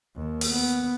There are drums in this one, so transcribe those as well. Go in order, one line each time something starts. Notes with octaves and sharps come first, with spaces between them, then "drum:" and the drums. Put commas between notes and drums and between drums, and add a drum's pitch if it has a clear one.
D#2
drum: open hi-hat
B3